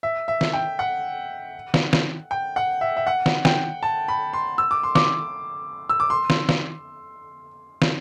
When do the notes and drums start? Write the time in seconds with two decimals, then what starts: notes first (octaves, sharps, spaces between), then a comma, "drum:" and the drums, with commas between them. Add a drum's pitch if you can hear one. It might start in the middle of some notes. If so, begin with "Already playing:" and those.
0.03 E5
0.28 E5
0.41 drum: snare
0.53 G5
0.79 F#5
1.74 drum: snare
1.93 drum: snare
2.31 G5
2.56 F#5
2.81 E5
2.97 E5
3.07 F#5
3.26 drum: snare
3.45 G5, drum: snare
3.83 A5
4.08 B5
4.33 C6
4.58 E6
4.71 D6
4.83 C6
4.95 D6, drum: snare
5.90 E6
6.00 D6
6.10 C6
6.30 drum: snare
6.49 drum: snare
7.82 drum: snare